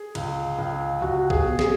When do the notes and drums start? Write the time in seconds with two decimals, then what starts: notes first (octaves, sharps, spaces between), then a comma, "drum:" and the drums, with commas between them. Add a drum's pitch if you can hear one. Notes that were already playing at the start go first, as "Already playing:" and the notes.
Already playing: G#4
0.15 C#2, drum: cymbal
0.59 C#2
1.02 C#2 F#4
1.30 G#4, drum: kick
1.45 B2
1.59 G#4, drum: snare